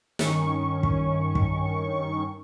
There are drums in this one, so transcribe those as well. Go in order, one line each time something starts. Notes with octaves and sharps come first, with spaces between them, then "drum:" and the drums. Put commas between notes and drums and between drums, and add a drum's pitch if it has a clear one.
G2 D#3 C#4 C#6, drum: snare
drum: kick
drum: kick